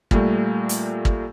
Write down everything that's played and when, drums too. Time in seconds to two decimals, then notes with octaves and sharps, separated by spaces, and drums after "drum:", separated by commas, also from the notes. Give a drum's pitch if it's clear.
0.11 A#2 G3 A3, drum: kick
0.69 drum: hi-hat
1.05 drum: kick